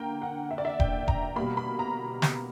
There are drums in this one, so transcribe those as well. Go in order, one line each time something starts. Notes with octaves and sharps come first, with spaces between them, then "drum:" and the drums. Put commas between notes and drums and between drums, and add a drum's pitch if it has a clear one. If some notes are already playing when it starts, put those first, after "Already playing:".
Already playing: D3 A#3 G5 A#5
F#5
E5
D5
E5
G5, drum: kick E1
A#5, drum: kick E1
B2 G3 A#3 B5
B5
A#5
drum: snare